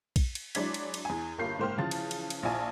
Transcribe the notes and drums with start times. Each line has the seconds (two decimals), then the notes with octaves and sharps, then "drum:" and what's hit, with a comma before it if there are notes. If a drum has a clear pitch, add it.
0.16 drum: kick, cymbal
0.35 drum: cymbal
0.55 F#3 G#3 D4 E4 G#6 B6, drum: cymbal
0.74 drum: cymbal
0.94 drum: cymbal
1.05 E2 G#5
1.38 G1 G2 A#3 F4 G6 C7
1.58 F#1 G#2 A#3 C5 G5 F6
1.78 C#3 E3 F3 A5 A6
1.91 drum: cymbal
2.11 drum: cymbal
2.30 drum: cymbal
2.43 A#1 E4 F4 D5 G#5 A5